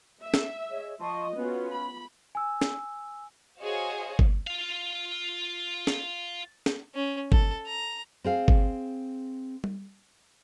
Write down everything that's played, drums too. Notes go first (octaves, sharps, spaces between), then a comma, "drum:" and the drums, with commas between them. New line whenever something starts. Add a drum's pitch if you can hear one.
E5
drum: snare
G#4 C#5 D#5
F3 D#5 A5 C6 C#6
B3 C#4 F4 F#4 B4
B5
G#5 E6
drum: snare
F#4 G#4 C5 C#5 D#5 F5
drum: kick G1
F4 F5
drum: snare
drum: snare
C#4
A4, drum: kick G1
A#5
C4 G#4 F5
drum: kick G1
drum: tom G3